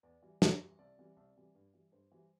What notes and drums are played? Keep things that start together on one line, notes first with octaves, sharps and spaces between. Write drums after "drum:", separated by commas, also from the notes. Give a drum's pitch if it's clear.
E2 D5
E3 G3
E2, drum: snare
E3 G3
C2 D5
C3 E3 G3
C2 D5
C3 E3 G3
G2
E3 G3
G2 C5
E3 G3